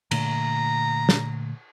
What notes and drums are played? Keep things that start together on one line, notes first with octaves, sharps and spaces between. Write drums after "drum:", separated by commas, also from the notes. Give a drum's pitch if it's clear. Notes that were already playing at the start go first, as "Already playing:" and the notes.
A#2 D3 A3 A#5, drum: cymbal
drum: snare